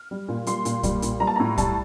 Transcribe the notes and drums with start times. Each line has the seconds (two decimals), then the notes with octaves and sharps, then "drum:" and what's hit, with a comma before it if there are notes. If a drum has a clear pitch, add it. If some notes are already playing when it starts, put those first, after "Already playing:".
Already playing: F6
0.11 G3
0.28 A#2
0.47 G3 C6, drum: hi-hat
0.65 A#2, drum: hi-hat
0.83 G3, drum: kick, hi-hat
1.02 A#2, drum: hi-hat
1.20 G3 A#5
1.27 A5
1.36 A2 A#5
1.58 G3 A5, drum: kick, hi-hat